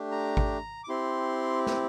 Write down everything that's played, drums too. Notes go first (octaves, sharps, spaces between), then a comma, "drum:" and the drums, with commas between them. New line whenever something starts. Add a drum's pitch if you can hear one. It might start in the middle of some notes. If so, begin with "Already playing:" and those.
Already playing: A3 D4 G4
A#5
drum: kick G#1
D6
C4 E4 G4 C6
drum: snare